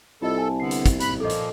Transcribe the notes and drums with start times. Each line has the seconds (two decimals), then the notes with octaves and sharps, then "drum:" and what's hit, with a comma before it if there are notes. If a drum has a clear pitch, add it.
0.22 C2 F4 A4 D#5
0.38 G#5 A5
0.60 D3 B3 C7
0.71 drum: hi-hat
0.86 drum: kick, hi-hat
1.00 B5 F#6, drum: hi-hat
1.20 A#2 F3 A#3 A4 D#5
1.30 drum: hi-hat